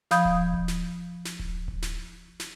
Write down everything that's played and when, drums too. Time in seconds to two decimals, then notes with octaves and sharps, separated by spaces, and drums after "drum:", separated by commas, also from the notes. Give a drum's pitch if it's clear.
0.11 F3 F5 B5 D#6 G6 G#6, drum: snare
0.25 drum: kick D1
0.54 drum: kick D1
0.68 drum: snare
1.25 drum: snare
1.40 drum: kick D1
1.68 drum: kick D1
1.82 drum: snare
2.40 drum: snare